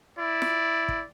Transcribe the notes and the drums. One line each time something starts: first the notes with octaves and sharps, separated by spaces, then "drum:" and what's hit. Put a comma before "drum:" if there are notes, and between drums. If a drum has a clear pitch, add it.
E4 D5
drum: snare
drum: kick